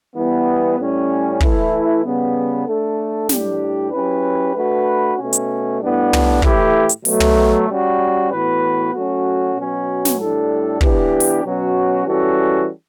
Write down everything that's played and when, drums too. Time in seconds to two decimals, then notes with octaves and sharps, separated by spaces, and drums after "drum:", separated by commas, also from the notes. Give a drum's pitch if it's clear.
0.16 E3 G3 B3
0.78 A2 G3 C#4
1.40 E3 A3 E4, drum: kick
2.04 C#3 G3 B3
2.67 A3 D4 A4
3.29 A2 G3 D4 G4, drum: snare
3.91 F#3 C#4 E4 G4 B4
4.55 A3 D4 F#4 B4
5.17 B2 A3 C#4
5.33 drum: hi-hat
5.80 A2 G3 B3 D4
6.13 drum: tom
6.42 A2 E3 A3 E4 G4, drum: kick
6.89 drum: hi-hat
7.05 B2 F#3 A3, drum: open hi-hat
7.20 drum: tom
7.68 G3 C#4 F#4
8.30 A2 E3 B3 F#4 B4
8.93 F#3 A3 C#4 F#4
9.55 B2 F#3 C#4
10.05 drum: snare
10.19 A2 G3 D4 A4
10.81 E3 B3 D4 G4, drum: kick
11.20 drum: open hi-hat
11.44 B2 F#3 C#4 F#4
12.06 E3 G3 C#4 F#4 A4